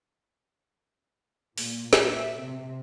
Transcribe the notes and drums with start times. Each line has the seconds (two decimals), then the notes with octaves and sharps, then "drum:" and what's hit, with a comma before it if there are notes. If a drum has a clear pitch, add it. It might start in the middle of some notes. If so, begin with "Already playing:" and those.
1.58 A#2, drum: open hi-hat
1.93 drum: snare
2.05 E5
2.40 C3